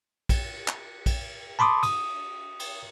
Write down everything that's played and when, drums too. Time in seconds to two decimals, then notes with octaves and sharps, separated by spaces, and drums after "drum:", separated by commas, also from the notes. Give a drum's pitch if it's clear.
0.29 drum: kick, cymbal
0.68 drum: clap
1.06 drum: kick, cymbal
1.59 A5 B5 C6 D6 D#6
1.83 D#6, drum: cymbal
2.60 drum: cymbal